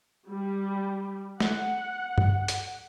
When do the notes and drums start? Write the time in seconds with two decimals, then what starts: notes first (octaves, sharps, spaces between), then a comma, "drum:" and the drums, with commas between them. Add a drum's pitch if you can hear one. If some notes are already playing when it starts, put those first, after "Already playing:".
0.29 G3
1.40 F#5, drum: snare
2.18 drum: tom G2
2.48 drum: hi-hat